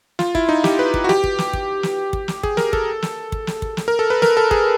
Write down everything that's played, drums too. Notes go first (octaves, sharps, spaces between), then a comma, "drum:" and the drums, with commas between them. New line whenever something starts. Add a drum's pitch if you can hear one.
F4, drum: snare
E4, drum: kick
D#4
G4, drum: snare
B4
drum: kick
F#4
G4, drum: snare
drum: kick
drum: snare
drum: kick
drum: snare
drum: kick
drum: snare
G#4, drum: kick
A#4, drum: snare
A4, drum: kick
drum: snare
drum: kick
drum: snare
drum: kick
drum: snare
A#4
A4
B4
A#4, drum: snare
A4
G#4, drum: kick